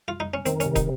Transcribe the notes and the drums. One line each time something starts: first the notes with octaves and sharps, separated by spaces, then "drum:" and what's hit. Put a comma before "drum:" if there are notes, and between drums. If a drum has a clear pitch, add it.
F4
D#4
C#4
D#3 C4, drum: hi-hat
C#4, drum: hi-hat
C3
D#4, drum: kick, hi-hat